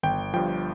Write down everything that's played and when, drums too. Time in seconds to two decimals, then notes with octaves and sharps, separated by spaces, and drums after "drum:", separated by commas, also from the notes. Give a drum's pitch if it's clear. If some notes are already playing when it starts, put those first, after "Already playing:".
0.03 G1 G5, drum: tom D#3
0.33 G2 F3 G5